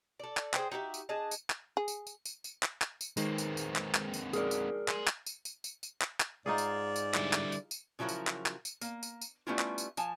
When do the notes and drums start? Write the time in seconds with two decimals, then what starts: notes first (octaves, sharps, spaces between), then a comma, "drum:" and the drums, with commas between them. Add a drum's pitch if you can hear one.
0.20 A4 D5
0.37 drum: clap
0.54 G#4 C5 G5, drum: clap
0.72 D#4 F#4 G4 E5
0.94 drum: tambourine
1.09 D4 G#4 D#5 A5
1.31 drum: tambourine
1.50 drum: clap
1.77 G#4
1.88 drum: tambourine
2.07 drum: tambourine
2.25 drum: tambourine
2.44 drum: tambourine
2.63 drum: clap
2.82 drum: clap
3.01 drum: tambourine
3.17 D#3 G#3 A#3 C4, drum: tambourine
3.38 drum: tambourine
3.57 drum: tambourine
3.76 drum: clap
3.95 drum: clap
4.14 drum: tambourine
4.33 G#4 A#4 D5, drum: tambourine
4.51 drum: tambourine
4.88 G#5 C6, drum: clap
5.08 drum: clap
5.26 drum: tambourine
5.45 drum: tambourine
5.64 drum: tambourine
5.83 drum: tambourine
6.02 drum: clap
6.20 drum: clap
6.46 G#2 D#4 F4 G#4 D5
6.58 drum: tambourine
6.96 drum: tambourine
7.15 D3 G3 E4, drum: clap
7.33 drum: clap
7.52 drum: tambourine
7.71 drum: tambourine
7.99 C#3 F3 F#3 E4 F#4 A#4
8.09 drum: tambourine
8.27 drum: clap
8.46 drum: clap
8.65 drum: tambourine
8.81 A#3, drum: tambourine
9.03 drum: tambourine
9.21 drum: tambourine
9.47 G3 A3 B3 C#4 E4 F4
9.59 drum: clap
9.78 drum: tambourine
9.97 F3 G#5 A5, drum: tambourine